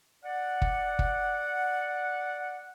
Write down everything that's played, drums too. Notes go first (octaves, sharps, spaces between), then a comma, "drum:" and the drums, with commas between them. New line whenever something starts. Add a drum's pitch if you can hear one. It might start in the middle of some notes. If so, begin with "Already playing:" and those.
D5 F#5
drum: kick
drum: kick